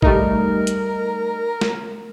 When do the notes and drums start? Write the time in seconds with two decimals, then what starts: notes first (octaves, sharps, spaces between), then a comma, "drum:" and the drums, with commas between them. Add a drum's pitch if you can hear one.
0.02 G3 A3 D#4 A#4, drum: kick
0.67 drum: hi-hat
1.61 drum: snare